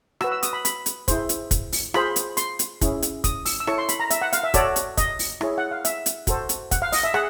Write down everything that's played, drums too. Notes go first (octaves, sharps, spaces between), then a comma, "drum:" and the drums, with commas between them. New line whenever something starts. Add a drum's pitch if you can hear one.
F#4 B4 E6, drum: rim click
E6
D#6, drum: hi-hat
B5
B5, drum: hi-hat
drum: hi-hat
E4 G#4 C5, drum: kick, hi-hat
drum: hi-hat
drum: kick, hi-hat
drum: open hi-hat
F4 G#4 C5 B5, drum: rim click
drum: hi-hat
C6, drum: hi-hat
drum: hi-hat
C#4 E4 G#4, drum: kick, hi-hat
drum: hi-hat
D#6, drum: kick, hi-hat
E6, drum: open hi-hat
E6
E4 A4 C#5 C#6, drum: rim click
C6
B5, drum: hi-hat
A#5
E5, drum: hi-hat
F#5
F5, drum: hi-hat
E5
F#4 A4 C#5 D5, drum: kick, hi-hat
drum: hi-hat
D#5, drum: kick, hi-hat
drum: open hi-hat
E4 G#4 C#5, drum: rim click
F#5
F5
E5, drum: hi-hat
drum: hi-hat
F#4 A4 C5, drum: kick, hi-hat
drum: hi-hat
F#5, drum: kick, hi-hat
F5
D#5, drum: open hi-hat
E5
G#4 F#5, drum: rim click